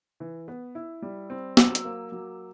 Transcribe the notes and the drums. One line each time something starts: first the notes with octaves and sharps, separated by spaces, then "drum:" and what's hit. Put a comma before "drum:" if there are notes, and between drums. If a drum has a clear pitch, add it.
E3
B3
E4
G3
C4
F#3 D6 E6, drum: snare
drum: hi-hat
A#3
F#3